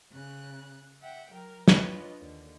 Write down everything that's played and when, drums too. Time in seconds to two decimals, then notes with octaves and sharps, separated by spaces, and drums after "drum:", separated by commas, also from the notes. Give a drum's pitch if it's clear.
0.12 C#3 F#6
1.02 E5 F#5 G5
1.32 F#3 A#4
1.68 D4 F4 B4 C#5 D#5, drum: snare
2.20 D#2 D3